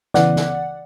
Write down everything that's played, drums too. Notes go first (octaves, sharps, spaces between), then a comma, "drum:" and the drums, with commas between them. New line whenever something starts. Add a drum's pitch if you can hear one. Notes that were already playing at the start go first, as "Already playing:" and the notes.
C#3 E3 B3 D5 F#5, drum: snare
drum: snare